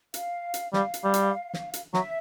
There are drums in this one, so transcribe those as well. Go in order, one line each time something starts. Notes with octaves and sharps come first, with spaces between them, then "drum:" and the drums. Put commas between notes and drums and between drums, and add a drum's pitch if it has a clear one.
F5, drum: hi-hat
drum: hi-hat
G3 F5, drum: snare
drum: hi-hat
G3
drum: hi-hat
drum: snare
drum: hi-hat
F#3 E5, drum: snare